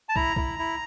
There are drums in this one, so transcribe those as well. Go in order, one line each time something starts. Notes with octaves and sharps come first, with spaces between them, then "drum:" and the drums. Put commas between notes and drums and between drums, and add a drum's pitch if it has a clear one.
A5
E4 A#5, drum: kick
E4, drum: kick
E4